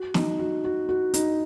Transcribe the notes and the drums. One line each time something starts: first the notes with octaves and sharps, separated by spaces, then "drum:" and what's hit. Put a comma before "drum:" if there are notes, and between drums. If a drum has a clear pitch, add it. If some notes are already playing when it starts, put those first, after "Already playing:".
Already playing: F#4
D#4, drum: snare
F#4
F#4
F#4
D#4, drum: hi-hat